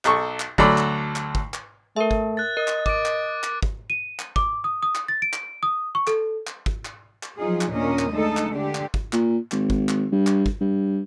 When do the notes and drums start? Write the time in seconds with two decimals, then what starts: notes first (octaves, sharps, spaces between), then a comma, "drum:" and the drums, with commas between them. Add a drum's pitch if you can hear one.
0.05 B1 A4 C#6, drum: clap
0.40 drum: clap
0.58 D2 F#3 A4 D5 B5, drum: kick
0.78 drum: clap
1.16 drum: clap
1.35 drum: kick
1.54 drum: clap
1.96 A3 A#4 E5
2.11 drum: kick
2.37 F#6 A6
2.57 A#4 D#5
2.68 drum: clap
2.86 D6 A6 D7, drum: kick
3.06 drum: clap
3.44 drum: clap
3.63 drum: kick
3.90 D#7
4.19 drum: clap
4.36 D6, drum: kick
4.64 D#6
4.83 D#6
4.95 drum: clap
5.08 A6
5.22 D7
5.33 drum: clap
5.63 D#6
5.95 C#6
6.07 A4, drum: clap
6.47 drum: clap
6.66 drum: kick
6.85 drum: clap
7.23 drum: clap
7.37 F3 F#3 D#4 F4 G#4
7.61 drum: clap
7.71 D#2 A#2 C#4 D4 A#4 D#5
7.99 drum: clap
8.10 D3 G#3 A3 D#4 A4
8.37 drum: clap
8.53 D3 D4 G4
8.75 drum: clap
8.94 drum: kick
9.13 A#2, drum: clap
9.52 G#1, drum: clap
9.70 drum: kick
9.89 drum: clap
10.12 G2
10.27 drum: clap
10.46 drum: kick
10.61 G2